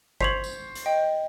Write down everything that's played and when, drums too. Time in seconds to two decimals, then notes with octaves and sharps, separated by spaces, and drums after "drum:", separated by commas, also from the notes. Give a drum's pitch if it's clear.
0.21 C5 C#6 G#6 B6 F7 F#7, drum: kick G1
0.44 drum: tambourine
0.75 drum: hi-hat
0.86 D#5 G5